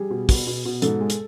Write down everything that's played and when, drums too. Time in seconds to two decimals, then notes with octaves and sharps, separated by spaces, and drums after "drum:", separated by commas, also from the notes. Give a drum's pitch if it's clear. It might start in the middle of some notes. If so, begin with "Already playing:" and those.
Already playing: G3 G#4
0.10 B2
0.29 B3, drum: kick, open hi-hat
0.47 B2
0.65 B2
0.82 G#2 A4, drum: hi-hat
1.01 G#3
1.10 drum: hi-hat